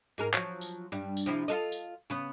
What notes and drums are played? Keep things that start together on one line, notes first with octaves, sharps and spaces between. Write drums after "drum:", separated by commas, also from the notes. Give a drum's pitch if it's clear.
G#2 G#4 A#4
F3 F#3, drum: clap
drum: tambourine
G2 G3
drum: tambourine
C3 F3 E4
F4 A4 D#5
drum: tambourine
C#3 B3